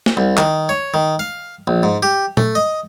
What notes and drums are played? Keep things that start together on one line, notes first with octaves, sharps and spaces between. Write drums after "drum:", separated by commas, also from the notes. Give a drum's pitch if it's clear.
drum: snare
C2
D#3, drum: clap
C#5
D#3
F5
A#1
G#2
G4
A3, drum: tom A#2
D#5